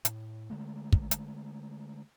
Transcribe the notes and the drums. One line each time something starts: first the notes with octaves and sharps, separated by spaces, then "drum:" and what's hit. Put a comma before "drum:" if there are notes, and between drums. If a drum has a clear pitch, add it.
A2, drum: hi-hat
D3 G#3 A3
drum: kick
drum: hi-hat